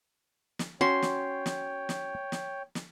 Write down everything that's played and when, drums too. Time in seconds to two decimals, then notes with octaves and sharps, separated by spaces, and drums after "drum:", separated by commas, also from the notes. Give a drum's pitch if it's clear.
0.59 drum: snare
0.81 C#4 F#4 C#5 G5 C6
1.02 drum: snare
1.46 drum: snare
1.89 drum: snare
2.32 drum: snare
2.75 drum: snare